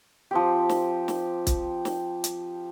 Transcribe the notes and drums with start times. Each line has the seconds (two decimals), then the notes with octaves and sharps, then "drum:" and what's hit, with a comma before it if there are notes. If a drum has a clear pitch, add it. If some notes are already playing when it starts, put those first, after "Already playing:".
0.31 F3 C4 G4
0.69 drum: snare
1.08 drum: snare
1.47 drum: kick, hi-hat
1.85 drum: snare
2.24 drum: hi-hat